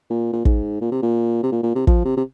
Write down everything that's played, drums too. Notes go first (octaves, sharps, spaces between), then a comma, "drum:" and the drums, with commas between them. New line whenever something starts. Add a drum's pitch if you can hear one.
A#2
A#2
G#2, drum: kick
A#2
C3
A#2
C3
A#2
A#2
C3
F3, drum: kick
C3
C3